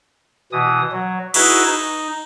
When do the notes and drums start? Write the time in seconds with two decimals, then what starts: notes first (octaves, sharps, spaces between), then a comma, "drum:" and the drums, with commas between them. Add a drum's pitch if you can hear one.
0.52 B2 E3 D#6
0.92 F#3
1.34 D#4 E4 F#4 G#4 B4 E5, drum: cymbal
1.67 D#4